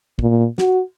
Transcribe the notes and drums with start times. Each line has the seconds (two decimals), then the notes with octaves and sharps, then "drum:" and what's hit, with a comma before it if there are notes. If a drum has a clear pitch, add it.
0.19 A#2, drum: kick
0.58 F#4, drum: snare